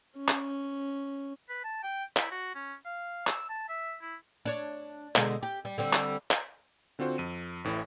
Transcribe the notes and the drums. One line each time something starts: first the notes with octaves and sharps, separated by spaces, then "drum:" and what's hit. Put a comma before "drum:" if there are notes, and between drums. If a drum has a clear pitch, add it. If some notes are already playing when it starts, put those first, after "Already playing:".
C#4
drum: clap
B4
A5
G5
E4, drum: clap
F#4
C#4
F5
E6, drum: clap
A5
E5
E4
D4 C#5
B2 D3 G#3, drum: clap
G4
G3
D3 G3 C4
drum: clap
drum: clap
D3 C4 F4 F#4 C5
F2 D#7
A1 A2 E3 E4